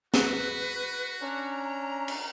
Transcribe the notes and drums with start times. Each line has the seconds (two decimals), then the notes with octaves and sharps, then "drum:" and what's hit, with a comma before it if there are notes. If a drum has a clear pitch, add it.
0.14 F#4 G#4 B4, drum: snare
1.21 C#4 D4 A#5
2.08 drum: cymbal